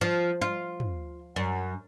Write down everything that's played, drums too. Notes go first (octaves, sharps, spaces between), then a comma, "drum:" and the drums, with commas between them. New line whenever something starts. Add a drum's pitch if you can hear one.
F3
F4
drum: tom
F#2